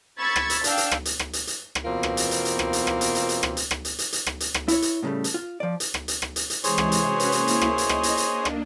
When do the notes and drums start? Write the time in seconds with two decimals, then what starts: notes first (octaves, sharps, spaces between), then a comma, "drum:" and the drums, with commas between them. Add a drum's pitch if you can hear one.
0.19 B5 C#6 E6 G#6 A6 B6
0.36 drum: rim click
0.50 drum: hi-hat
0.64 D4 F5 G5 E6, drum: hi-hat
0.78 drum: hi-hat
0.91 drum: rim click
1.05 drum: hi-hat
1.19 drum: rim click
1.33 drum: hi-hat
1.47 drum: hi-hat
1.75 drum: rim click
1.85 E2 B2 A#3 C4 F4 A#4
2.03 drum: rim click
2.17 drum: hi-hat
2.31 drum: hi-hat
2.45 drum: hi-hat
2.59 drum: rim click
2.73 drum: hi-hat
2.87 drum: rim click
3.01 drum: hi-hat
3.15 drum: hi-hat
3.29 drum: hi-hat
3.43 drum: rim click
3.57 drum: hi-hat
3.71 drum: rim click
3.85 drum: hi-hat
3.99 drum: hi-hat
4.13 drum: hi-hat
4.26 drum: rim click
4.40 drum: hi-hat
4.54 drum: rim click
4.68 E4 C#5, drum: hi-hat
4.82 drum: hi-hat
5.03 A2 C#3 F3 G3 A3
5.24 drum: hi-hat
5.34 F4
5.60 F3 D5
5.80 drum: hi-hat
5.94 drum: rim click
6.08 drum: hi-hat
6.22 drum: rim click
6.36 drum: hi-hat
6.50 drum: hi-hat
6.64 C3 E3 G#3 G#4 C5 C#5, drum: hi-hat
6.78 drum: rim click
6.92 drum: hi-hat
7.02 C#4 F#4 B4
7.20 drum: hi-hat
7.32 A#3 E4, drum: hi-hat
7.47 drum: hi-hat
7.61 drum: rim click
7.78 D#5, drum: hi-hat
7.89 drum: rim click
8.03 drum: hi-hat
8.17 drum: hi-hat
8.26 A#3 D4
8.45 drum: rim click